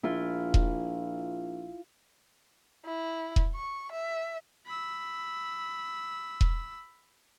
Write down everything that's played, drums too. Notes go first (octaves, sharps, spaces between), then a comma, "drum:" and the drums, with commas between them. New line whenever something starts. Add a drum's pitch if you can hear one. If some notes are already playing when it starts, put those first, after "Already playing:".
A#1 E4 F4
drum: kick E1
E4
drum: kick E1
C#6
E5
B5 E6
drum: kick E1